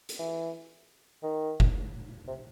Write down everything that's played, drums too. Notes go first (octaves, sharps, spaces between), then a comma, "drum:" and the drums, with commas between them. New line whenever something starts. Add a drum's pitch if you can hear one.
drum: hi-hat
E3
D#3
drum: kick F#1
C3